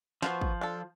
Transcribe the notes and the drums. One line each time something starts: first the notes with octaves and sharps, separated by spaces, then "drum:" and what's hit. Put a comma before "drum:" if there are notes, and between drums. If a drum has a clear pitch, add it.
F3 B3 F#4 C5, drum: snare
drum: kick
D4 F4 A4